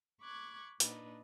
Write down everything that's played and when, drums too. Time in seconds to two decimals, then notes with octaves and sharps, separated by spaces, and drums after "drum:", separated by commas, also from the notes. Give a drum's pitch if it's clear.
0.21 B5 C#6 D6 F#6 G#6
0.80 A#2 D4 D#4 B4, drum: hi-hat